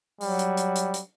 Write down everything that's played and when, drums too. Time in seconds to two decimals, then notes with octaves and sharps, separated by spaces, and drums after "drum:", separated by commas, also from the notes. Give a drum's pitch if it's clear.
0.21 F#3 G3, drum: open hi-hat
0.39 drum: hi-hat
0.57 drum: hi-hat
0.76 drum: hi-hat
0.94 drum: hi-hat